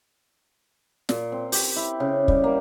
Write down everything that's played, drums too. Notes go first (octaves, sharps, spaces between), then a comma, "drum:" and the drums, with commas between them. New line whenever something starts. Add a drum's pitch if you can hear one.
A#2, drum: snare
C4
G4, drum: open hi-hat
E4
C#3
G3, drum: kick
A#3